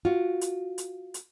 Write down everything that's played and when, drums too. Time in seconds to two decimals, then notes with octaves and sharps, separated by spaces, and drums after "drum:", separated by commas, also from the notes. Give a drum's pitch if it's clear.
0.05 F4 F#4
0.41 drum: hi-hat
0.78 drum: hi-hat
1.14 drum: hi-hat